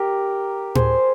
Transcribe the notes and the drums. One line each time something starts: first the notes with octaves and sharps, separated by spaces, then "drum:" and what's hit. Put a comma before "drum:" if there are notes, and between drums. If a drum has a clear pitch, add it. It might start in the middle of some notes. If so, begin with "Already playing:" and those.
Already playing: G4 A#4
G#4 C5, drum: tom A2